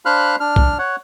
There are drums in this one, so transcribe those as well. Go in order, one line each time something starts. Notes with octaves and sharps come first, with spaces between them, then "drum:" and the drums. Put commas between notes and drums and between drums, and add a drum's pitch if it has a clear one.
D4 C5 F5 B5 F6 F#6
D4 F6
drum: kick
C#5 F#5